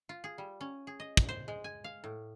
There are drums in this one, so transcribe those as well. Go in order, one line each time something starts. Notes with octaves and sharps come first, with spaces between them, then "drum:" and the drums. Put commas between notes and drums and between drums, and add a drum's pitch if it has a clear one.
F4
G#4
G3
C#4
G#4
D#5
drum: kick
C5
G#3
G#5
F5
A2